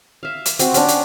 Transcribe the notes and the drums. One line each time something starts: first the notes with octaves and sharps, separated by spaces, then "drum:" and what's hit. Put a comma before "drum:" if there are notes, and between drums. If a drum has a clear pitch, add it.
E5 F5
drum: hi-hat
C4 F#4, drum: hi-hat
C#4 D4, drum: hi-hat
drum: hi-hat